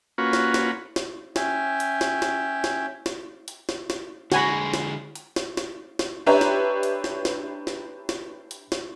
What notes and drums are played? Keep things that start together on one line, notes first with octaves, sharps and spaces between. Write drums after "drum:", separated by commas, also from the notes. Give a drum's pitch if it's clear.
A#3 C#4 F4 F#4 B4
drum: snare
drum: snare
drum: snare
C#4 E5 G5 G#5, drum: snare
drum: hi-hat
drum: snare
drum: snare
drum: snare
drum: snare
drum: hi-hat
drum: snare
drum: snare
D3 G#3 F#4 G#5 B5, drum: snare
drum: snare
drum: hi-hat
drum: snare
drum: snare
drum: snare
D4 G4 B4 C#5 E5 A#5
drum: snare
drum: hi-hat
drum: snare
drum: snare
drum: snare
drum: snare
drum: hi-hat
drum: snare